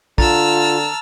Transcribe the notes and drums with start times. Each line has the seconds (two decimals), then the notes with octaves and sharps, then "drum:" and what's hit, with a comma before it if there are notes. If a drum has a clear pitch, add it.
0.18 D3 F4 A5 A#5 E6 F6 A6, drum: kick